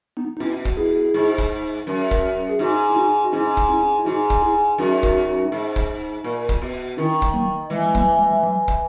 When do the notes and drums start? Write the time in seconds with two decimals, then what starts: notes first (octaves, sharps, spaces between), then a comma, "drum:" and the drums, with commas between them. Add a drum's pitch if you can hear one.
0.17 B3 D#4
0.37 D#4
0.40 B2 C#4 E4
0.65 drum: kick
0.77 E4 G#4
1.14 G#2
1.38 drum: kick
1.87 F#2
2.11 drum: kick
2.50 G#4
2.59 G#2 D#4 F#4
2.90 E4
2.96 D#4 F#4
3.24 F#4
3.32 G#2 C#4 E4
3.57 drum: kick
3.69 C#4 E4
3.99 E4
4.05 G#2 D#4 F#4
4.30 drum: kick
4.42 E4 G#4
4.78 F#2 D#4 F#4
5.03 drum: kick
5.52 G#2
5.76 drum: kick
6.24 A#2
6.49 drum: kick
6.62 B2
6.97 D#3 C#4 E4
7.22 drum: kick
7.34 F#3 A#3
7.70 E3 G#3
7.86 G#3
7.95 F#3 A#3, drum: kick
8.19 G#3
8.33 G#3
8.44 F#3
8.68 drum: kick